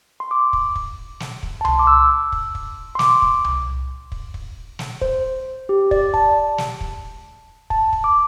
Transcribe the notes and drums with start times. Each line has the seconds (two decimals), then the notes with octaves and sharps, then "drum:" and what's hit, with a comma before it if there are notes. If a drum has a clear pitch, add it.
0.20 C6
0.31 D6
0.53 drum: kick
0.76 drum: kick
1.20 drum: snare
1.43 drum: kick
1.61 A5
1.65 C6, drum: tom C2
1.79 D6
1.87 E6
2.10 E6
2.32 drum: kick
2.55 drum: kick
2.95 C6
2.99 D6, drum: snare
3.22 drum: kick
3.44 drum: tom C2
4.12 drum: kick
4.34 drum: kick
4.79 drum: snare
5.01 C5, drum: kick
5.69 G4
5.91 D5, drum: kick
6.14 A5, drum: kick
6.58 drum: snare
6.81 drum: kick
7.70 A5, drum: kick
7.93 drum: kick
8.04 D6